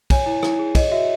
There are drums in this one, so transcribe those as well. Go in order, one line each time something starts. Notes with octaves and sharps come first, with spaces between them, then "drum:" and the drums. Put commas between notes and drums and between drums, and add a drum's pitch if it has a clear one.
C#5 G#5, drum: kick, cymbal
E4
E4, drum: rim click
G#4
C#5 D#5, drum: kick, cymbal
F#4 E5